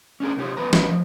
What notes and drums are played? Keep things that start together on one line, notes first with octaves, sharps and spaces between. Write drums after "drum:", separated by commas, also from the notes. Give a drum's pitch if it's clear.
C#4 D4 G#4 A#4
C2 D#4 G4 C5 C#5
D#2 G#2 D#3 B3 B4 A#5
G#3 A#4 B4 C#5 D#5, drum: snare
F3